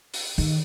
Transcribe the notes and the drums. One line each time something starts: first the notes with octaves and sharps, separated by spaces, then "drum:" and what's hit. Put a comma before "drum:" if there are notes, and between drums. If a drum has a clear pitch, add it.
drum: open hi-hat
D#3, drum: open hi-hat